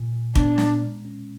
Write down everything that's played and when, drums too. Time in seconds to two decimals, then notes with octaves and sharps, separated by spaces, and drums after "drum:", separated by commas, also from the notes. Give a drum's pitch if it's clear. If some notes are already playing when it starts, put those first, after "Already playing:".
Already playing: A#2
0.12 A#2
0.35 B3 D4, drum: kick
0.58 A#2, drum: snare
0.82 G#3
1.05 C#4